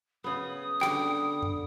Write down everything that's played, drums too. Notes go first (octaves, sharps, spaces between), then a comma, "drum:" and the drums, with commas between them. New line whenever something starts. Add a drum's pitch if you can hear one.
C#3 B3 D#6
D3 G3 G5, drum: clap
drum: tom E2